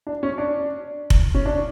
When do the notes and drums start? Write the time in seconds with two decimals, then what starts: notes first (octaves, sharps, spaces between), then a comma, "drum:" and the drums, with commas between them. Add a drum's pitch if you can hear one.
0.07 D4
0.23 C#4
0.38 D4
1.10 drum: kick F1
1.35 C#4
1.46 D4